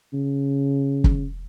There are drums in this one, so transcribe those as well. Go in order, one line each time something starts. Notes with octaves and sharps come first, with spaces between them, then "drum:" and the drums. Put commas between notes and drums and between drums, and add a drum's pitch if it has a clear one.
C#3
drum: kick